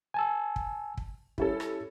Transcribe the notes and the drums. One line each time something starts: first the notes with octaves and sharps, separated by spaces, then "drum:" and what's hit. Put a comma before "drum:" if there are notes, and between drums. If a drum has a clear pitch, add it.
G#5 A5 E6
drum: kick
drum: kick
G3 C#4 E4 A4, drum: kick
drum: rim click